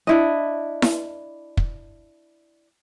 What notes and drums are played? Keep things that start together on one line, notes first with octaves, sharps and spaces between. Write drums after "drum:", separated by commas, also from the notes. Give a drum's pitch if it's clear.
D4 E4 D#5
drum: snare E4
drum: kick